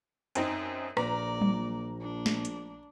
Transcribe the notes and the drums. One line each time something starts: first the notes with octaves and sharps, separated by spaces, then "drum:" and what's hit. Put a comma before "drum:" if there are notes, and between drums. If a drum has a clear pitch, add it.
F#2 C4 D#4, drum: hi-hat
A#1 A#2 D5 A#5, drum: rim click
drum: tom F#3
D4
drum: snare
drum: hi-hat